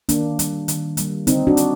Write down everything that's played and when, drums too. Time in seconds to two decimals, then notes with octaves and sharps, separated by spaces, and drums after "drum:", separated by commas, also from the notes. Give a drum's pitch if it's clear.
0.09 D#3 A#3 D4, drum: hi-hat
0.39 G3 A#3, drum: hi-hat
0.68 D#3, drum: hi-hat
0.97 G3 A#3, drum: hi-hat
1.27 D3 C4 D#4, drum: hi-hat
1.47 D4 F#4
1.57 G3, drum: hi-hat